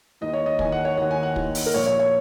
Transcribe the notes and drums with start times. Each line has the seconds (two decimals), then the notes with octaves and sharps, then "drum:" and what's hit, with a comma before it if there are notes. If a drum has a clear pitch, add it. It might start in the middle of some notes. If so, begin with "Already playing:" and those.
0.21 D#2 D#3 D#5
0.33 C#5
0.46 D#5
0.59 D#2 D#3 G#5, drum: kick
0.72 F#5
0.85 C#5
0.97 D#2 D#3 F#5
1.11 G#5
1.23 F#5
1.36 D#2 D#3, drum: kick
1.55 drum: open hi-hat
1.66 A#4
1.74 A#1 A#2 C#5
1.86 C#5
1.99 C#5